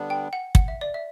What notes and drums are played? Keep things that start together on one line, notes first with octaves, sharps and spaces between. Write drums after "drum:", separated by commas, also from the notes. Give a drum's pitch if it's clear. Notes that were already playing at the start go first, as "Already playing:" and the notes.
Already playing: D3 G3 B3 D4
G5
F#5
F#5, drum: kick
E5
D5
E5